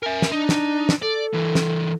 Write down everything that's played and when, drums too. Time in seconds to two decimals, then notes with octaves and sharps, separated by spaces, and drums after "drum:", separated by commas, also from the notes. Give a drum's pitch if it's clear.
0.03 A#4 E5 G#5
0.22 drum: snare
0.32 D4 D#4
0.49 drum: snare
0.89 drum: snare
1.02 A4 D5
1.33 E3 A#3
1.55 drum: snare